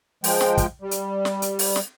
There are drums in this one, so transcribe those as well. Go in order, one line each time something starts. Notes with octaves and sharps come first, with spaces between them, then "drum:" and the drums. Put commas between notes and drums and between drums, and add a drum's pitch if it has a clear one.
F3 G#3 G5, drum: open hi-hat
drum: snare
drum: kick, hi-hat
G3
drum: hi-hat
drum: snare
drum: hi-hat
drum: open hi-hat
drum: snare